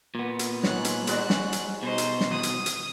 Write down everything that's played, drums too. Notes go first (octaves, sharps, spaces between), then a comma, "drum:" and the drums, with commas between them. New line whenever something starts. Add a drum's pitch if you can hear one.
A#2 B3
drum: hi-hat
G#2 C#5 F#6, drum: snare
drum: hi-hat
G#2 G3 F#4, drum: hi-hat
drum: snare
drum: hi-hat
B2 D#4 C5
drum: hi-hat
drum: snare
D#3 B3 D#6
drum: hi-hat
drum: hi-hat